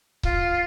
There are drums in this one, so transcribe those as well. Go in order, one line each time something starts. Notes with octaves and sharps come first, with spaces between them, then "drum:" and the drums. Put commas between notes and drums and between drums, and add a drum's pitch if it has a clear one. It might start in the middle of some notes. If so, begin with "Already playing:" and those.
F4, drum: kick C#1